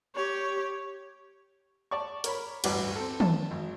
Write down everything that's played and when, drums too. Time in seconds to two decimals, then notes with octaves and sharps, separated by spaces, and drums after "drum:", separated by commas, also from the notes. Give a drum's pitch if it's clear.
0.15 G4 C#5
1.91 D5 A5 C#6
2.24 A#4 C#5 B5, drum: hi-hat
2.64 A1 D2 G2 F#4 B4 D5, drum: cymbal
2.96 C4 A4
3.20 A5, drum: tom
3.51 G#1